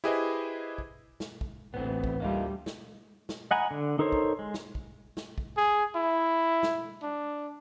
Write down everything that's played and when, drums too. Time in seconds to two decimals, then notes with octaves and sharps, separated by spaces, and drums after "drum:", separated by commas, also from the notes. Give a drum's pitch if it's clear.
0.04 E4 G4 G#4 B4 C5 D#5
0.78 drum: kick
1.20 drum: snare
1.41 drum: kick
1.74 A1 D2 E3 B3 C4
2.04 drum: kick
2.20 D2 G3 A#3 D#4 F4
2.66 drum: snare
3.29 drum: snare
3.51 D#5 F#5 G#5 A#5 B5
3.71 D3
3.99 D#4 A4 A#4 C5 C#5
4.12 drum: kick
4.39 G#3
4.54 drum: snare
4.75 drum: kick
5.17 drum: snare
5.38 drum: kick
5.57 G#4
5.95 E4
6.63 drum: snare
7.03 D4